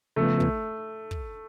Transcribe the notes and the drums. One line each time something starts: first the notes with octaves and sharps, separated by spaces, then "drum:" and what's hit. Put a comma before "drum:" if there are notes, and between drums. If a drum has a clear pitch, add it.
C#3 F3 A3 B3
drum: kick
drum: kick